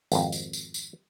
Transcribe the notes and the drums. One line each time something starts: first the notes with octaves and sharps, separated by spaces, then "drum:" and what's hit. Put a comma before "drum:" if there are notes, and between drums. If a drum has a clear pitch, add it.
G#1 F2, drum: tambourine
drum: tambourine
drum: tambourine
drum: tambourine